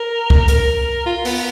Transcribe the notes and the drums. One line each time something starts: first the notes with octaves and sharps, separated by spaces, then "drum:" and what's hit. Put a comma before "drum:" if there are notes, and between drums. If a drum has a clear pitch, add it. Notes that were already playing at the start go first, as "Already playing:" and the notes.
Already playing: A#4
drum: kick C#2
A#4, drum: hi-hat
F4
B3, drum: open hi-hat